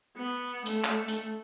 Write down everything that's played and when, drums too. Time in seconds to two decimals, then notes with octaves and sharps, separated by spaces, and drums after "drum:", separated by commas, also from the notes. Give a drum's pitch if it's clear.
0.17 B3
0.66 A3, drum: hi-hat
0.84 drum: clap
1.08 drum: hi-hat